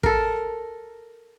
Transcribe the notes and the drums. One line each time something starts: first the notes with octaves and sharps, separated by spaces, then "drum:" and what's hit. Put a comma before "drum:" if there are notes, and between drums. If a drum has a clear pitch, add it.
A4 A#4, drum: kick